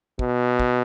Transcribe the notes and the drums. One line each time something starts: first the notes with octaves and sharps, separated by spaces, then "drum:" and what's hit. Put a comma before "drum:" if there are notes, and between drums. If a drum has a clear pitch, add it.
B2, drum: kick
drum: kick